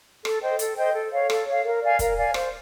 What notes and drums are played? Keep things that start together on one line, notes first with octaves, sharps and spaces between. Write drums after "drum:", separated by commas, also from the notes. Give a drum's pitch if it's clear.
A4, drum: rim click
C5 D#5 G5
A4, drum: hi-hat
C5 D#5 G5
A4
C#5 F5
A4, drum: rim click
C#5 F5
A#4
D5 F5 G#5
A#4, drum: kick, hi-hat
D5 F5 G#5
C5, drum: rim click